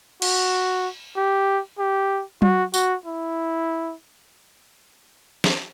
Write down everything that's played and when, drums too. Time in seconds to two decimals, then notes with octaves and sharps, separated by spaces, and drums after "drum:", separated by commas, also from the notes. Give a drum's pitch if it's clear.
0.22 F#4, drum: cymbal
1.17 G4
1.79 G4
2.42 F#4, drum: tom F#3
2.74 F#4, drum: tambourine
3.06 E4
5.44 drum: snare